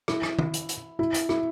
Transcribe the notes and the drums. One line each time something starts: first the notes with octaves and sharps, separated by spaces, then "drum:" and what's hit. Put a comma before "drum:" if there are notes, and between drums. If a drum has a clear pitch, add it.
E4, drum: rim click
drum: rim click
drum: tom
drum: hi-hat
drum: hi-hat
E4
drum: hi-hat
E4, drum: rim click